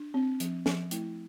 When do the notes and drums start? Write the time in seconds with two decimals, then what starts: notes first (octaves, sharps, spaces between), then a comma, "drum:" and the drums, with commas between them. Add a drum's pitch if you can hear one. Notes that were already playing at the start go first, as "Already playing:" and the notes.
Already playing: D4
0.14 C4
0.40 F3, drum: hi-hat
0.66 F3, drum: snare
0.91 A3 E4, drum: hi-hat